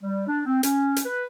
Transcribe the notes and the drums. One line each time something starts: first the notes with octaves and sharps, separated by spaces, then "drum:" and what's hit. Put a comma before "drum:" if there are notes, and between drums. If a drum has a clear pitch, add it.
G3
D4
C4
C#4, drum: hi-hat
drum: hi-hat
B4